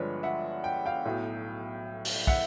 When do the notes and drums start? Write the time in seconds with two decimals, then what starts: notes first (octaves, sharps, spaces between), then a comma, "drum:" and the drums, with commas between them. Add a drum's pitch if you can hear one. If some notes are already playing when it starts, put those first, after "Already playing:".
Already playing: G1 G2 D3 F3 G#3 B4 C#5 D5
0.23 E5 F#5
0.64 G5
0.86 F5 G5
1.05 B1 A2 F#3
2.05 drum: open hi-hat
2.27 E5 F#5, drum: kick